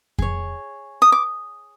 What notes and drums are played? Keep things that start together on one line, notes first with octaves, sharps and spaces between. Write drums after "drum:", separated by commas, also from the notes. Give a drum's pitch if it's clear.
G#4 C#5, drum: kick F2
D#6
D6